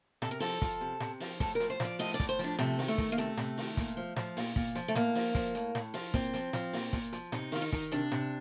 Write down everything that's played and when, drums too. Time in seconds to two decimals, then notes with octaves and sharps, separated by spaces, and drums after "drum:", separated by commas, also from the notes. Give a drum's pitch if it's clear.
0.22 C3 A4, drum: snare
0.31 A#4
0.40 F3 A4, drum: open hi-hat
0.62 F3, drum: kick, hi-hat
0.81 C3
1.00 C3, drum: snare
1.20 F3, drum: open hi-hat
1.40 A2 A4, drum: kick, hi-hat
1.55 A#4
1.60 F3, drum: hi-hat
1.70 C5
1.80 F3 D5, drum: snare
1.99 A2 D#5, drum: open hi-hat
2.14 D5
2.20 A2, drum: kick, hi-hat
2.29 C5
2.39 F3, drum: hi-hat
2.44 D4
2.59 C3 A3, drum: snare
2.79 D#3, drum: open hi-hat
2.88 A3
2.98 D#3, drum: kick, hi-hat
3.12 A#3
3.18 C3 A3, drum: hi-hat
3.37 C3, drum: snare
3.58 D#3, drum: open hi-hat
3.77 A#2, drum: kick, hi-hat
3.97 F3
4.16 F3, drum: snare
4.37 A#2, drum: open hi-hat
4.56 A#2, drum: kick
4.75 F3, drum: hi-hat
4.88 A3
4.95 A2 A#3, drum: snare
5.15 F3, drum: open hi-hat
5.35 F3, drum: kick, hi-hat
5.55 A2, drum: hi-hat
5.75 A2, drum: snare
5.94 F3, drum: open hi-hat
6.14 A#2 C4, drum: kick, hi-hat
6.34 F3, drum: hi-hat
6.53 F3, drum: snare
6.73 A#2, drum: open hi-hat
6.93 A#2, drum: kick, hi-hat
7.13 F3, drum: hi-hat
7.32 C3 D#4, drum: snare
7.52 D#3 F4, drum: open hi-hat
7.62 D#4
7.72 D#3, drum: kick, hi-hat
7.92 C3 D4, drum: hi-hat
8.12 C3, drum: snare